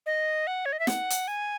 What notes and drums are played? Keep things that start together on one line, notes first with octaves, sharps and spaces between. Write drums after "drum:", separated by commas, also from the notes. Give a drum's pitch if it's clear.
D#5
F#5
C#5
D#5
E5
F#5, drum: snare
drum: hi-hat
G#5